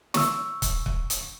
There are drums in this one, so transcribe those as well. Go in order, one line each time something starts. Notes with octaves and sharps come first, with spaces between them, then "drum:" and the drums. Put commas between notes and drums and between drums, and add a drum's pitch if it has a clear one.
C#6 E6, drum: snare
drum: kick, hi-hat
drum: kick
drum: hi-hat